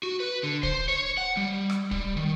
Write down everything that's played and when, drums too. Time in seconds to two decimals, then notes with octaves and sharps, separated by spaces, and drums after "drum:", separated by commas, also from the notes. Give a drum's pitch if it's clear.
0.03 F#4
0.20 B4
0.43 D3
0.63 C5, drum: kick
0.88 C#5
1.17 F#5
1.37 G3
1.70 drum: rim click
1.91 G3, drum: kick
2.17 D#3